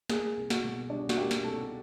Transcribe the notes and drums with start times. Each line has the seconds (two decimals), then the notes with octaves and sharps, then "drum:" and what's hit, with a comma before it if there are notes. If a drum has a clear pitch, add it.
0.09 A#3 G#4, drum: snare
0.37 C2
0.50 F#4, drum: snare
0.64 B2
0.90 G3 D4
1.09 F#4, drum: snare
1.18 A#3 G4
1.31 drum: snare
1.44 C2 A4